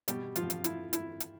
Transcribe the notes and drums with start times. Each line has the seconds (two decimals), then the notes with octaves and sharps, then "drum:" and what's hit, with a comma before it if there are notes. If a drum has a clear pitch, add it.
0.08 B2 G3 G4, drum: hi-hat
0.36 F3 F4, drum: hi-hat
0.50 drum: hi-hat
0.64 E4, drum: hi-hat
0.93 E4, drum: hi-hat
1.20 drum: hi-hat